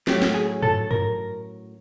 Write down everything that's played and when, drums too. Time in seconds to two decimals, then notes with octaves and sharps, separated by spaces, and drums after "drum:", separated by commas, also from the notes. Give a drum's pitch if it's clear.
0.07 A2 F#3 A3 C#4 G4, drum: snare
0.22 drum: snare
0.34 G#4
0.63 A4, drum: tom
0.91 A#4, drum: tom